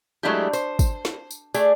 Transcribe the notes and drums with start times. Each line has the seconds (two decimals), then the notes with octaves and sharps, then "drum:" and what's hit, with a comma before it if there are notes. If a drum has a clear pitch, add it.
0.23 F#3 G#3 A3 D4 E4 G4
0.53 C5, drum: tambourine
0.79 drum: kick, tambourine
1.05 drum: snare
1.31 drum: tambourine
1.54 A3 G#4 D5, drum: tambourine